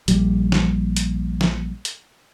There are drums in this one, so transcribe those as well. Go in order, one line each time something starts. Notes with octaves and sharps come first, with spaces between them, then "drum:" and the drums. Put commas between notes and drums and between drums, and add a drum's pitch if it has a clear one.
A#1 G3, drum: hi-hat
drum: snare
drum: hi-hat
drum: snare
drum: hi-hat